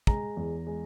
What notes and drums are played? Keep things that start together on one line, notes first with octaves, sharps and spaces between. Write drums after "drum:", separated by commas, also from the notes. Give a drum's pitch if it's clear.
G#3 A#5, drum: kick
E2
G#3